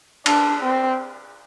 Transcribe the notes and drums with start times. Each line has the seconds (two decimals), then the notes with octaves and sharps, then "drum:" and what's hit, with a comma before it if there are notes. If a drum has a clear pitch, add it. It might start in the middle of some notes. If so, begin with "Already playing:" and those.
0.26 D4, drum: cymbal
0.62 C4